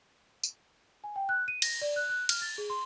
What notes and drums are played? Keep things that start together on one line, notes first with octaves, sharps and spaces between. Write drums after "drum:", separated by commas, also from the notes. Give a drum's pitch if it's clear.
drum: tambourine
G#5
G5
F#6
D#7
A#6, drum: cymbal
D5
F#6
F#6
F6, drum: cymbal
A6
G#4
C6